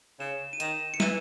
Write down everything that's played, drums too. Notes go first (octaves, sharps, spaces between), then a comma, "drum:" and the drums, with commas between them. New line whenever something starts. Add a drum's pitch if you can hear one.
C#3 E7
D#7
D#3 E7, drum: hi-hat
C#7
E3 D#7, drum: snare